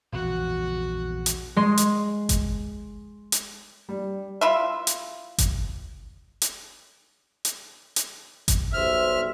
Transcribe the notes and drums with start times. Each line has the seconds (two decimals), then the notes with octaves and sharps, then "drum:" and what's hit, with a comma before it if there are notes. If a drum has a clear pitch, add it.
0.12 A#1 E2 C#3 F#4 F#5
1.26 drum: hi-hat
1.56 G#3 D#5 C6
1.77 drum: hi-hat
2.29 drum: kick G1, hi-hat
3.32 drum: hi-hat
3.89 G3
4.41 E4 F4 E5
4.87 drum: hi-hat
5.38 drum: kick G1, hi-hat
6.42 drum: hi-hat
7.45 drum: hi-hat
7.96 drum: hi-hat
8.48 drum: kick G1, hi-hat
8.74 B1 G3 C5 E5 F6